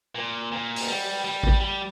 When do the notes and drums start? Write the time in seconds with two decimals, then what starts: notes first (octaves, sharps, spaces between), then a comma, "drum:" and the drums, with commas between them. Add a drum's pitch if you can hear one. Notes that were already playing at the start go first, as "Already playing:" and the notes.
0.15 A#2
0.52 A#2
0.76 drum: open hi-hat
0.88 G3
1.25 G3
1.43 drum: kick A1
1.61 G3